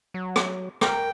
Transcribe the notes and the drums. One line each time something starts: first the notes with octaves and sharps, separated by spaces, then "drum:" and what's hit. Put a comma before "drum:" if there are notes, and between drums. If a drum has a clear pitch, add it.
F#3
drum: rim click
A#4 G5, drum: rim click